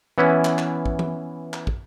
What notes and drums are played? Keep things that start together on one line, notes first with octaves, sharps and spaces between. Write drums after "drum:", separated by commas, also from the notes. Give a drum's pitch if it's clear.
E3 B3 C#4 E4
drum: clap
drum: clap
drum: kick
drum: tom
drum: clap
drum: kick